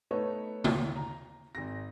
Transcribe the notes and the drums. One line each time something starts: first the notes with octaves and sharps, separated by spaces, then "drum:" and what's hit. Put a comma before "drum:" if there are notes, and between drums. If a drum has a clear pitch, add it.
A3 B3 D#4 B4 C#5
drum: tom
A#5
G#1 A#6